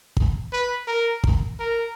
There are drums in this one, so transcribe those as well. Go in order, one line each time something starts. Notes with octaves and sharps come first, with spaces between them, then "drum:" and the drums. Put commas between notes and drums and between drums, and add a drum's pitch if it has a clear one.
drum: kick
B4
A#4
drum: kick
A#4